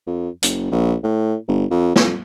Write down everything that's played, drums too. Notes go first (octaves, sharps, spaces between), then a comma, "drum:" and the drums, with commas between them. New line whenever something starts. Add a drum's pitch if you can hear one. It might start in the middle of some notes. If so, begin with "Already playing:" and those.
F2
F#1, drum: hi-hat
A#1
A2
G1
F2
F2, drum: snare